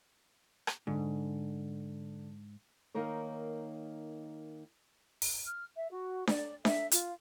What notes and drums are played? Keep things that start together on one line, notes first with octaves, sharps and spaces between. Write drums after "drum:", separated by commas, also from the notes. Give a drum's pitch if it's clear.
drum: rim click
G#2 D3
D#3 A#3 D#4 A#4 C#5
drum: open hi-hat
F6
E5
F#4
D5, drum: snare D4
E5, drum: snare D4
F4, drum: hi-hat